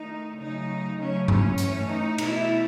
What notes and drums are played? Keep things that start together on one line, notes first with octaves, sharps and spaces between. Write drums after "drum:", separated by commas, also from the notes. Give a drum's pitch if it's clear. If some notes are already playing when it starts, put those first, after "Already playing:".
Already playing: D#3 A3 D#4
C#3 F#3 A3 D#4
C#3 F#3 A3 C#4
C#4, drum: tom G2
A2 E3 A3 C#4, drum: hi-hat
D#4
B2 A3 E4, drum: cymbal